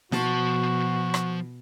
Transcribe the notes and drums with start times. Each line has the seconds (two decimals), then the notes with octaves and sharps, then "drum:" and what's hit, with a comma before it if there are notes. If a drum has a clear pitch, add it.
0.12 B2 F3 F#4 A5, drum: snare
1.14 drum: rim click